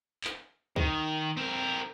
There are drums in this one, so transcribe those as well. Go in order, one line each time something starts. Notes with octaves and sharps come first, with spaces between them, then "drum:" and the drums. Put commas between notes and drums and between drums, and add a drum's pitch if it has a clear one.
drum: clap
D#3, drum: kick
C4 A#4